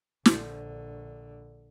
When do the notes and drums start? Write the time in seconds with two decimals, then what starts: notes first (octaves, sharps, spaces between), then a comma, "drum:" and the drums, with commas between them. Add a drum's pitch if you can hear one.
0.26 A#1 D3, drum: snare